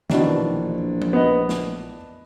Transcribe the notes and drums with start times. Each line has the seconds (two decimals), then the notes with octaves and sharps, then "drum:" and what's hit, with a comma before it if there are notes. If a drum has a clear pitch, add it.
0.10 A#1 B2 D#3 E3 D4, drum: snare
1.02 drum: tom F3
1.13 B3 D#5
1.49 drum: snare